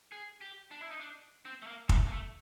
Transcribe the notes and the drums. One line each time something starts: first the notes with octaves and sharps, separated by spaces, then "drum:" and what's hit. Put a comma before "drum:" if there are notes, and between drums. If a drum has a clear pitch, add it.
G#4
G4
D4
E4
D#4
D4
C4
A3
A#3
A3, drum: kick
A#3
A3